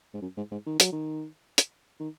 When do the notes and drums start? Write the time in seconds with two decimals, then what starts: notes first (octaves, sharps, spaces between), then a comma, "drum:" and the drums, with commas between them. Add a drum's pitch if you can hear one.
0.14 G#2
0.22 F#2
0.37 G#2
0.52 G#2
0.67 D#3
0.80 F#3, drum: hi-hat
0.93 D#3
1.58 drum: hi-hat
1.99 D#3